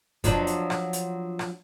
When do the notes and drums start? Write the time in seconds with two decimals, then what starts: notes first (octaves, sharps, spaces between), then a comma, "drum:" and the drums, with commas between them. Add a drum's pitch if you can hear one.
0.24 F3 F#3 D4, drum: kick F2, hi-hat
0.47 drum: hi-hat
0.70 drum: rim click
0.93 drum: hi-hat
1.39 drum: rim click